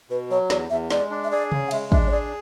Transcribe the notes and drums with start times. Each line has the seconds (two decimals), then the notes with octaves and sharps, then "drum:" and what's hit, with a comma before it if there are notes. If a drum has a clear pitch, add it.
0.10 B2 B4
0.30 F#3 C#5
0.50 E2 D5, drum: snare
0.70 E2 E5
0.91 G#3 D5, drum: snare
1.11 D4
1.24 E5
1.31 G#4 D5
1.52 C#3, drum: tom C3
1.68 F#5
1.71 G#3 E5, drum: cymbal
1.92 D4 E5, drum: kick
2.07 C#5
2.11 G#4 D5